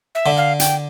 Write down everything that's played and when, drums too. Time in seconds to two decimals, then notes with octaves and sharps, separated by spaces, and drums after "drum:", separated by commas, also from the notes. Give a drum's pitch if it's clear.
0.15 E5
0.26 D3
0.37 F5
0.60 G5, drum: hi-hat